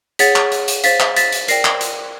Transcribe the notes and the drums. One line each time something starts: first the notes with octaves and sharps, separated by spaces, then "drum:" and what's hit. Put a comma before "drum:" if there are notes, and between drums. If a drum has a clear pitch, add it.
G#4 C#5 F#5 A6 B6, drum: hi-hat
drum: clap
drum: hi-hat
drum: hi-hat
C5 F5 A6 B6, drum: hi-hat
drum: clap
A6 B6, drum: hi-hat
drum: hi-hat
A#4 D5 G5 A#6 C7, drum: hi-hat
drum: clap
drum: hi-hat